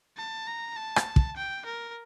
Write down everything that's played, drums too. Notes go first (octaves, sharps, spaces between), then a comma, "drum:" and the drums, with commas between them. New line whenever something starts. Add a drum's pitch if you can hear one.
A5
A#5
A5
drum: rim click
drum: kick
G5
A#4